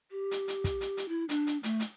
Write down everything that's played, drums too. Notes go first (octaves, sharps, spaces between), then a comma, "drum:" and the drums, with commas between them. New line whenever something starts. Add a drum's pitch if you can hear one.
G4
drum: hi-hat
drum: hi-hat
drum: kick, hi-hat
drum: hi-hat
drum: hi-hat
E4
D4, drum: hi-hat
drum: hi-hat
A3, drum: hi-hat
drum: hi-hat